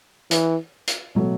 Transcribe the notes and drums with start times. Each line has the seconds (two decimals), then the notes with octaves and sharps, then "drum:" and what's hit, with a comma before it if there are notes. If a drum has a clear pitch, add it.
0.31 E3, drum: hi-hat
0.87 drum: hi-hat
1.15 B2 F#3 A3